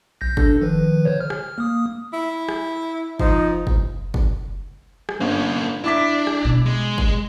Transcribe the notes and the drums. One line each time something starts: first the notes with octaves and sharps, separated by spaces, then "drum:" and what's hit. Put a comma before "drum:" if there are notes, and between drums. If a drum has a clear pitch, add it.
B1 G6 A#6
D4 A4, drum: kick
D#3 F3 B4
D3 C5 C#5
F6
drum: rim click
A#3 D#6
E4
drum: rim click
F3 D#4, drum: kick
drum: kick
drum: kick
drum: rim click
G1 A#3 C#4
D4 E4 D6 B6
drum: rim click
B2
G#3
drum: kick